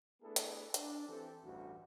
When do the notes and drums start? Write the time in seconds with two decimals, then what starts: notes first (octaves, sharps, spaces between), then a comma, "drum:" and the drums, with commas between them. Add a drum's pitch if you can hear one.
0.22 A3 B3 D4 E4 G#4 A4
0.36 drum: hi-hat
0.74 D4, drum: hi-hat
1.08 E3 C4 G4 A4
1.43 A1 D2 G2 E3 F#4